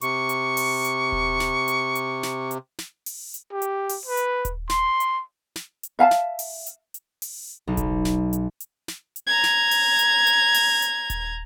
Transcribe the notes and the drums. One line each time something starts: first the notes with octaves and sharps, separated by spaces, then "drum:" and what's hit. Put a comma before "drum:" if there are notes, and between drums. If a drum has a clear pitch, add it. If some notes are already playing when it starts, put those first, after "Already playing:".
C3 C#6, drum: hi-hat
drum: hi-hat
drum: open hi-hat
drum: hi-hat
drum: kick D#1
drum: snare
drum: hi-hat
drum: hi-hat
drum: snare
drum: hi-hat
drum: snare
drum: open hi-hat
drum: hi-hat
G4
drum: hi-hat
drum: open hi-hat
B4
drum: hi-hat
drum: kick D#1, hi-hat
C6, drum: snare
drum: hi-hat
drum: snare
drum: hi-hat
E5 F5 G#5 A5
drum: snare
drum: open hi-hat
drum: hi-hat
drum: hi-hat
drum: open hi-hat
B1 D#4
drum: kick D#1, hi-hat
drum: snare
drum: hi-hat
drum: hi-hat
drum: snare
drum: hi-hat
A#5 G#6
drum: snare
drum: open hi-hat
drum: hi-hat
drum: hi-hat
drum: open hi-hat
drum: hi-hat
drum: kick D#1, hi-hat